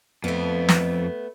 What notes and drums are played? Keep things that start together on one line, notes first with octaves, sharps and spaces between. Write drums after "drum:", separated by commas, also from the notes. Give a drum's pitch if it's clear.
F2 A3 B3
drum: snare